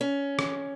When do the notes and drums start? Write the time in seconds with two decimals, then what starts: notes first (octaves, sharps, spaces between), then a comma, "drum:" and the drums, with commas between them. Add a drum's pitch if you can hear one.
0.01 C#4
0.39 drum: rim click